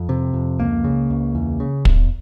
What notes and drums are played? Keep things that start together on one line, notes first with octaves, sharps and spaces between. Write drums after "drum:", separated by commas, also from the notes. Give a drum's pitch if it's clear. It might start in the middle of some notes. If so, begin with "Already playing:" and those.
Already playing: F2
C3
F2
C#2 A#3
C#3
C#2
E2
C#3
E2, drum: kick